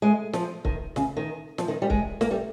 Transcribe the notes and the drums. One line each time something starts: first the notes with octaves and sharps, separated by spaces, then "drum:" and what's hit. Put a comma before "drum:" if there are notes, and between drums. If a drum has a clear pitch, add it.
G#3
F3, drum: snare
D#3, drum: kick C#1
C#3, drum: snare
D#3
F3, drum: snare
D#3
G3
G#3, drum: kick C#1
A#3, drum: snare
G3